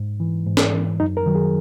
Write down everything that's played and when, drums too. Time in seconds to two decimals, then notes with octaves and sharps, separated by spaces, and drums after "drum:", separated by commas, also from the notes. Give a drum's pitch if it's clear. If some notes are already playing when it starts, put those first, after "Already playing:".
Already playing: G#2
0.20 E3
0.47 G#2
0.57 drum: snare
0.74 E3
1.00 F#2 D#4
1.17 A#4
1.26 D#3 F#3
1.35 G#4